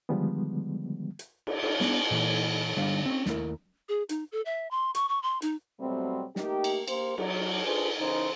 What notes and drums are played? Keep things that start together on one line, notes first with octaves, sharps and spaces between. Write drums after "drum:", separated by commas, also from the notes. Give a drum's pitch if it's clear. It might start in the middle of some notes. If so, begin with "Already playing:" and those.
D3 D#3 F3 G3 G#3 B3
drum: hi-hat
drum: cymbal
drum: cymbal
B3 D4, drum: snare
A#2 E3
D3 G3 D4 F5
C4 C#4
D#2 A3 E4 A#4, drum: snare
G#4
D#4, drum: hi-hat
A4
E5
C6
C#6, drum: hi-hat
C#6
C6
D#4, drum: hi-hat
B2 F#3 G3 A3 C4
A3 A#3 D#4 G4, drum: snare
drum: cymbal
A#3 G4 C5, drum: cymbal
F#3, drum: cymbal
D4 F4 G#4 A4 B4 C5
C#3 E3 C#4 D#4 A#4 C5